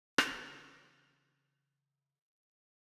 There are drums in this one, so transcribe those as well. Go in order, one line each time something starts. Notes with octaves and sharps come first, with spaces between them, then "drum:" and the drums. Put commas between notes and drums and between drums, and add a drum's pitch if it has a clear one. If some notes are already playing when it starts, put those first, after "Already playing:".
C#3 E3, drum: rim click